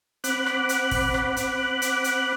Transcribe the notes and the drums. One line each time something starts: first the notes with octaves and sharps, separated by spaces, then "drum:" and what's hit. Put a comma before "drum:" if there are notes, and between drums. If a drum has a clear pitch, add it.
C4 F#5 B5 D6 F#6, drum: hi-hat
drum: rim click
drum: hi-hat
drum: kick, open hi-hat
drum: rim click
drum: hi-hat
drum: hi-hat
drum: hi-hat